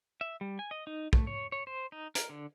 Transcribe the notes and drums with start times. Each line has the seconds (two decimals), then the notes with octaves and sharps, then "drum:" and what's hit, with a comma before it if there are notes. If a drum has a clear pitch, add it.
0.21 E5
0.41 G3
0.59 G#5
0.71 D#5
0.87 D#4
1.13 A3, drum: kick
1.27 C#5
1.52 C#5
1.67 C5
1.92 D#4
2.15 A#4, drum: hi-hat
2.29 D3